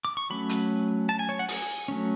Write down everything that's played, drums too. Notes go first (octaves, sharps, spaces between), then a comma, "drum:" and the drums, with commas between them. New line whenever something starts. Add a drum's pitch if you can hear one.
D6
C#6
F#3 A3 C#4 B5
drum: hi-hat
A5
G#5
C#5
F#5
G#5, drum: open hi-hat
F#3 A3 C#4